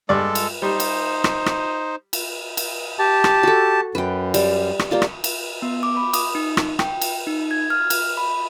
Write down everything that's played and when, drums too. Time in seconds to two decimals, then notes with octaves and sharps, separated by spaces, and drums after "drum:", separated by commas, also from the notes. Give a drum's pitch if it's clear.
0.09 G2 G#3 A4 D5
0.35 drum: cymbal
0.62 G3 D#4 C5
0.80 drum: cymbal
1.24 drum: rim click
1.46 drum: rim click
2.13 drum: cymbal
2.57 drum: cymbal
2.99 G4 A5
3.24 drum: rim click
3.43 F#4 A4
3.95 F#2 B4 G5
4.34 G3, drum: cymbal
4.79 drum: rim click
4.91 G3 A#3 F4
5.02 drum: rim click
5.24 drum: cymbal
5.62 B3
5.83 D6
5.97 B5
6.13 D#6, drum: cymbal
6.35 D#4
6.57 drum: rim click
6.79 G5, drum: rim click
7.01 drum: cymbal
7.27 D#4
7.51 G#6
7.70 F6
7.90 drum: cymbal
8.17 B5